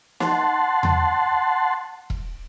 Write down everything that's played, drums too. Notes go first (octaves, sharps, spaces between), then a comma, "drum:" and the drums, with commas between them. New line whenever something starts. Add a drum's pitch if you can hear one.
F#5 A5 C6, drum: snare
drum: tom E2
drum: kick E1